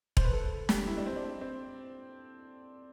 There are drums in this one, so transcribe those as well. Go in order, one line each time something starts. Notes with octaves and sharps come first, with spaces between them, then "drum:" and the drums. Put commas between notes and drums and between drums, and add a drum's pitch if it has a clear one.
C5, drum: kick E1
B4
A4
G4, drum: snare
E4
D4
C4
D4
C4